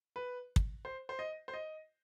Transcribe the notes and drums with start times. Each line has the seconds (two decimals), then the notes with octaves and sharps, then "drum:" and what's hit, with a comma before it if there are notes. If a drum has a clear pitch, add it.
0.16 B4
0.56 drum: kick
0.85 C5
1.09 C5
1.19 D#5
1.48 C5
1.54 D#5